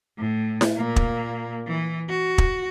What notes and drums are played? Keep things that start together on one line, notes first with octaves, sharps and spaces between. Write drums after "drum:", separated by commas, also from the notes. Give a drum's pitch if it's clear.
A2
drum: snare E4
A#2 A#3
drum: kick
E3
F#4
drum: kick